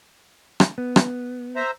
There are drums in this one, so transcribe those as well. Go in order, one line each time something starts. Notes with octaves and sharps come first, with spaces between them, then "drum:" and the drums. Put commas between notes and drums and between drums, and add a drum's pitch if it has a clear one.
drum: rim click
B3
drum: rim click
C5 E5 A#5